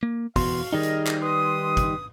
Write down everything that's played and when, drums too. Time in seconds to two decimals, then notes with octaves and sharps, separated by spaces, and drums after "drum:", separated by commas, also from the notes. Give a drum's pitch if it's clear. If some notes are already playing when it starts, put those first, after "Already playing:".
0.03 A#3
0.36 E2 B2 F#4 F5 C6, drum: kick, open hi-hat
0.73 D#3 G3 D#4 G#4 A#4 D#5
0.83 drum: hi-hat
1.07 drum: clap
1.22 B4 C6 D#6
1.77 drum: kick, hi-hat